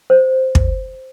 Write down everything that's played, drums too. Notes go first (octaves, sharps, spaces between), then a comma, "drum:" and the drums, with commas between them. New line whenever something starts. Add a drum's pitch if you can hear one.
C5
drum: kick